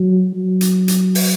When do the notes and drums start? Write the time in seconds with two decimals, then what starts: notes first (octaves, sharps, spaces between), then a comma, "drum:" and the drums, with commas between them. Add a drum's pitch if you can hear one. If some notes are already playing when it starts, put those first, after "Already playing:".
Already playing: F#3
0.34 F#3
0.61 drum: hi-hat
0.88 drum: hi-hat
1.15 drum: open hi-hat